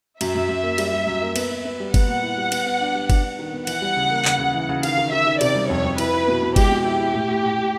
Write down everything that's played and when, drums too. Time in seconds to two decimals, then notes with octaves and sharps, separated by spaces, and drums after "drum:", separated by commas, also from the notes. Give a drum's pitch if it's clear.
0.21 F#2 E5, drum: cymbal
0.35 F#2
0.49 F#2
0.63 A#3
0.78 G3, drum: cymbal
0.93 G3
1.07 F#2
1.22 A#3
1.36 B3, drum: cymbal
1.51 B3
1.65 B3
1.80 G3
1.94 B3 F#5, drum: kick G1, cymbal
2.08 A#2
2.23 E4
2.38 G3
2.52 B3, drum: cymbal
2.66 B3
2.81 D4
2.95 G3
3.10 D4, drum: kick G1, cymbal
3.24 D4
3.39 D#3
3.53 B3
3.67 E3 F#5, drum: cymbal
3.82 G3
3.97 C#3
4.11 A#3
4.25 C#3, drum: clap
4.39 C#3
4.55 E3
4.69 C#3
4.83 D#3 F5, drum: cymbal
4.97 D#3
5.12 D#3 E5
5.27 D#3
5.41 C3 D5, drum: cymbal
5.55 G3
5.70 F2 C#5
5.84 F2
5.98 E4 B4, drum: cymbal
6.13 E4
6.28 B2
6.42 B2
6.56 G#3 G4, drum: kick G1, cymbal
6.71 B2
6.85 E4 G4
7.00 E4
7.14 A2
7.28 A2
7.43 A2
7.58 A2